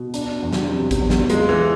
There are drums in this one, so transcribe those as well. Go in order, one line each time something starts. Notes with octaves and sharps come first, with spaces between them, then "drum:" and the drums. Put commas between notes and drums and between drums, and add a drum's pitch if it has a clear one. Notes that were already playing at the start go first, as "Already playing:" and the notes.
Already playing: B2
D4, drum: hi-hat
E2
drum: snare
C3
drum: kick, hi-hat
E2
drum: snare
G#3 F4, drum: hi-hat
E3
A4